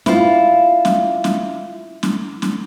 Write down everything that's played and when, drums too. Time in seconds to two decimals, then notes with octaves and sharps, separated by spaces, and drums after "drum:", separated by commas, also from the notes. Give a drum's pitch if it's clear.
0.06 E4 F4, drum: snare
0.85 drum: snare
1.24 drum: snare
2.03 drum: snare
2.42 drum: snare